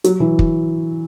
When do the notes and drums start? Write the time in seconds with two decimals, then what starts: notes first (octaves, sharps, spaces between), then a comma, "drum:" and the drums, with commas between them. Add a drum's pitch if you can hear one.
0.04 F#3, drum: hi-hat
0.20 E3
0.39 drum: kick